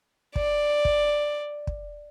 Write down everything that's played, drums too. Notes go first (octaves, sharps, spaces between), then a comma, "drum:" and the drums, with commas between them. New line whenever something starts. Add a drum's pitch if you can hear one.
D5, drum: kick
drum: kick
drum: kick